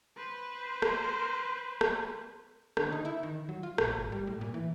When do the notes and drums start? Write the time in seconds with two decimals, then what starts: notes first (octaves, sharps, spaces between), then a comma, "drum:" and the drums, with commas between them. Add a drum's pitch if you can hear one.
0.17 B4 C5
0.82 drum: rim click
1.81 drum: rim click
2.77 D3, drum: rim click
2.92 D#4
3.05 E4
3.23 D#3
3.49 F#3
3.63 F4
3.78 A#1, drum: rim click
3.97 G#1
4.12 G3
4.27 A2
4.41 A#2
4.54 E3